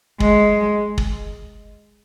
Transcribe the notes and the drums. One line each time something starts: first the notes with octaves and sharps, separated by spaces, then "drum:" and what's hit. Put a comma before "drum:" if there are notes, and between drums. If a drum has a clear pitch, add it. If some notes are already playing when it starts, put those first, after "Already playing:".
G#3, drum: kick
drum: kick